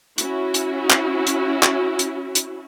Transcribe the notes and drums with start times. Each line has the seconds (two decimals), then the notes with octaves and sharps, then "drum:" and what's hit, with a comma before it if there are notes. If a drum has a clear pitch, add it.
0.18 C#4 E4 F#4, drum: hi-hat
0.54 drum: hi-hat
0.90 drum: clap
1.27 drum: hi-hat
1.63 drum: clap
1.99 drum: hi-hat
2.35 drum: hi-hat